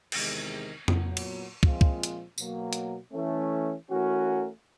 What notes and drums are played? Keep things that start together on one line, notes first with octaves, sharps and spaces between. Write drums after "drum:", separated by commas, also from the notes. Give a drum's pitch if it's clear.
E2 C3 D#3 G#3, drum: cymbal
A#2 F#3 B3, drum: tom F2
drum: cymbal
A#2 F3 G#3 C4 F4, drum: kick
drum: kick
drum: hi-hat
B2 F#3 A#3, drum: tambourine
drum: hi-hat
E3 A3 C#4
E3 A3 C#4 F#4 A#4